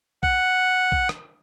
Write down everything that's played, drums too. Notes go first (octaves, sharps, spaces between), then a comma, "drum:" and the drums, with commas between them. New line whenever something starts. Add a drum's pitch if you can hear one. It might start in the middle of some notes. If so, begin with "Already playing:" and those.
F#5, drum: kick B1
drum: kick B1
drum: rim click